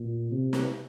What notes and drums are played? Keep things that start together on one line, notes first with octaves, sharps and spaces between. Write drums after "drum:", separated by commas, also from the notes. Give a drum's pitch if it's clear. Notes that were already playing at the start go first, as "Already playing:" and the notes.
Already playing: A#2
C3
drum: snare